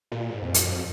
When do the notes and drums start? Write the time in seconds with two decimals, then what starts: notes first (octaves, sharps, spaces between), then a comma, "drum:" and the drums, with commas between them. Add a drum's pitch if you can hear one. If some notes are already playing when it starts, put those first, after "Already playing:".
0.12 A#2
0.30 G#2
0.42 F2
0.54 F#2, drum: hi-hat
0.66 F2